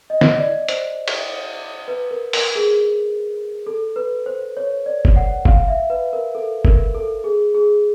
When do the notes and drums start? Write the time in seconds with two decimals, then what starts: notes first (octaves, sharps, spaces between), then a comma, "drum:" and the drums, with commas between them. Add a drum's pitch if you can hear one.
0.10 D#5
0.21 drum: snare
0.39 D5
0.68 C5, drum: hi-hat
1.08 drum: cymbal
1.88 B4
2.11 A#4
2.33 A#4, drum: open hi-hat
2.55 G#4
3.67 A4
3.96 B4
4.26 C5
4.57 C#5
4.86 D5
5.05 drum: kick F#1
5.16 F#5
5.45 F5, drum: kick F#1
5.68 E5
5.90 B4
6.13 A#4
6.35 A4
6.65 A#4, drum: kick F#1
6.95 A4
7.24 G#4
7.54 G#4